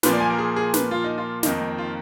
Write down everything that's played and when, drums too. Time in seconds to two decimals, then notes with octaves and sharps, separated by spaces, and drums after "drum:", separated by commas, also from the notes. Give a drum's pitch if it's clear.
0.03 A#2 F3 A#3 B4, drum: snare
0.12 D5
0.20 G#5
0.30 A#4
0.38 G#4
0.56 G#4
0.74 B4, drum: snare
0.91 F4
1.04 D#4
1.18 F4
1.43 F2 D#3 A#3 D#4, drum: snare
1.78 F4